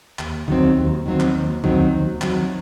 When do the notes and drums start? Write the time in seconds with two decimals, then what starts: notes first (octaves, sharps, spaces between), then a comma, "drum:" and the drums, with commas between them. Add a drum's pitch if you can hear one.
0.19 D#2, drum: clap
0.48 D#3 F#3 C4, drum: kick
0.77 D#2
1.06 D#3 F#3 C4
1.20 drum: clap
1.35 D#2
1.64 D#3 F#3 C4, drum: kick
1.93 D#2
2.22 D#3 F#3 C4, drum: clap